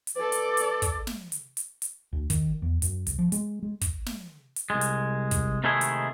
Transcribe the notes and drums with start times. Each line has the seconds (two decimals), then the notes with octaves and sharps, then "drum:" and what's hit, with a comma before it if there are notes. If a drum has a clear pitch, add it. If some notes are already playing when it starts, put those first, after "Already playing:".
0.07 drum: hi-hat
0.17 A4 B4 D5
0.32 drum: hi-hat
0.57 drum: hi-hat
0.82 drum: kick, hi-hat
1.07 drum: snare
1.32 drum: hi-hat
1.57 drum: hi-hat
1.82 drum: hi-hat
2.13 D2
2.30 D#3, drum: kick, hi-hat
2.62 E2
2.82 F#2, drum: hi-hat
3.07 C2, drum: hi-hat
3.19 F3
3.32 G#3, drum: hi-hat
3.63 G#3
3.81 drum: kick, hi-hat
4.06 drum: snare
4.56 drum: hi-hat
4.70 C2 G#3
4.81 drum: hi-hat
5.31 drum: kick, hi-hat
5.64 C3 D#3 G#3 A3 E4 G#4
5.81 drum: hi-hat